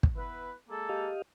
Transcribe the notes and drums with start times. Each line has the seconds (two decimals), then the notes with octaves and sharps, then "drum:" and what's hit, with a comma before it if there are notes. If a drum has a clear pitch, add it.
0.03 drum: kick
0.17 B3 E4 B4
0.70 G#3 A#3 A4
0.89 G4 D#5 F5